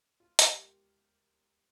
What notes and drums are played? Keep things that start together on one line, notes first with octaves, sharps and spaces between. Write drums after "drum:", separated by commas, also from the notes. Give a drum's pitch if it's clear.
F4
A#4, drum: hi-hat
G4